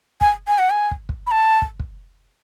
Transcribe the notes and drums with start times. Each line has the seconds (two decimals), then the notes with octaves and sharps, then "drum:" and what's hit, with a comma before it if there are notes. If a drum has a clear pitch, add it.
0.21 G#5, drum: kick
0.47 G#5
0.59 F#5
0.70 G#5
0.91 drum: kick
1.09 drum: kick
1.27 B5
1.31 A5
1.62 drum: kick
1.80 drum: kick